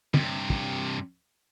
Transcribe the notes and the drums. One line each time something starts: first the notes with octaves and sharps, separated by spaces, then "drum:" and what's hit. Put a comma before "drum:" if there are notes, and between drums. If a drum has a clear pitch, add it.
G2 C3, drum: tom
drum: kick